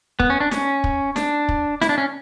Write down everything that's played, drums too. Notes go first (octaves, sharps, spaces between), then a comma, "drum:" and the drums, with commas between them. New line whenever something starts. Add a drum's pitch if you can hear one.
B3, drum: kick
C#4
D4
C#4, drum: snare
drum: kick
D4, drum: snare
drum: kick
E4, drum: snare
D4
C#4